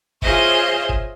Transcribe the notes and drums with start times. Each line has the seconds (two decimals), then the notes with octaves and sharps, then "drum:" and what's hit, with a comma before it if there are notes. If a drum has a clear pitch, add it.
0.22 F4 G#4 C5 C#5 D#5 E5, drum: kick G1
0.89 drum: kick G1